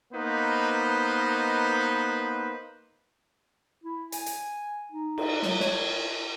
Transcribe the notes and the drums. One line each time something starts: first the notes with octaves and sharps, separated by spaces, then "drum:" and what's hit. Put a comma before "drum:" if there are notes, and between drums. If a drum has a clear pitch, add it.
A#3 B3 D#4 B4 C5
E4
G#5, drum: hi-hat
drum: hi-hat
D#4
drum: cymbal
F#3, drum: snare
C#5, drum: snare